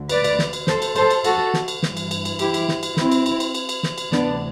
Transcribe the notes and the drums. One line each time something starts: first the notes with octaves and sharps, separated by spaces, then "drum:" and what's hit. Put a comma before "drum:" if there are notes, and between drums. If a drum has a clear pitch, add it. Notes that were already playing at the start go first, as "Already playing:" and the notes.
Already playing: D2 D3
B4 D5, drum: cymbal
drum: cymbal
drum: snare
drum: cymbal
A4 C5, drum: snare
drum: cymbal
A4 C5, drum: cymbal
drum: cymbal
F#4 A4, drum: cymbal
drum: snare
drum: cymbal
G2 E3, drum: snare
drum: cymbal
drum: cymbal
drum: cymbal
E4 G4, drum: cymbal
drum: cymbal
drum: snare
drum: cymbal
C4 E4, drum: snare
drum: cymbal
drum: cymbal
drum: cymbal
drum: cymbal
drum: cymbal
drum: snare
drum: cymbal
D2 C3 E3 B3 D4, drum: snare